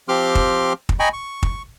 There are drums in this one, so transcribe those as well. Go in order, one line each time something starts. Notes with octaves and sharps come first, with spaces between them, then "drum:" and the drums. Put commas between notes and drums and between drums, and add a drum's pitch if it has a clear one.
F3 C4 G4 C6 D6 F6
drum: kick
drum: kick
D#5 G5 G#5 A#5 B5 C#6
C#6
drum: kick